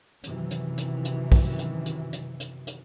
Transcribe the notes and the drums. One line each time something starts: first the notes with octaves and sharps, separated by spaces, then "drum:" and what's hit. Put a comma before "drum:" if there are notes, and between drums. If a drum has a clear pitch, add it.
F#2 C3 D#3 E3 F#3, drum: hi-hat
drum: hi-hat
drum: hi-hat
drum: hi-hat
drum: kick, open hi-hat
drum: hi-hat
drum: hi-hat
drum: hi-hat
drum: hi-hat
drum: hi-hat